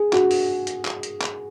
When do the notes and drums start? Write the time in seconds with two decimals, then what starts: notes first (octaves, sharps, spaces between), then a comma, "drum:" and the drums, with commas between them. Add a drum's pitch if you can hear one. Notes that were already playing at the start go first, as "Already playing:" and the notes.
Already playing: G#4
0.13 F#4, drum: clap
0.31 drum: open hi-hat
0.67 drum: hi-hat
0.85 drum: clap
1.03 drum: hi-hat
1.21 drum: clap